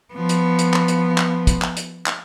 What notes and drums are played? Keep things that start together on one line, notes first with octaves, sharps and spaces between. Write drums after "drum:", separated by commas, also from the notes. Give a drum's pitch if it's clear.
F3 B3
drum: hi-hat
drum: hi-hat
drum: clap
drum: hi-hat
drum: clap
drum: kick, hi-hat
drum: clap
drum: hi-hat
drum: clap